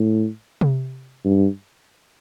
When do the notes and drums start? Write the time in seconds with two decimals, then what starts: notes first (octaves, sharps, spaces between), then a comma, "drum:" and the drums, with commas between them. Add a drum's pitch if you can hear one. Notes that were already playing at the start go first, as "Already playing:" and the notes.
Already playing: A2
0.61 drum: tom C3
1.25 G2